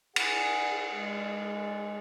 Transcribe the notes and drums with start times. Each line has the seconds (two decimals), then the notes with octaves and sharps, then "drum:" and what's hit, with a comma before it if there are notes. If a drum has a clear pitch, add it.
0.16 G#4 F#5, drum: cymbal
0.91 G#3